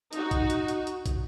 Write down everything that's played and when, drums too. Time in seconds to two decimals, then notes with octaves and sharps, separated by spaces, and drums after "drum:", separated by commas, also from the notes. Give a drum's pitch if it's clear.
0.13 D#4 F#4, drum: hi-hat
0.31 drum: kick, hi-hat
0.50 drum: hi-hat
0.68 drum: hi-hat
0.87 drum: hi-hat
1.06 drum: kick, hi-hat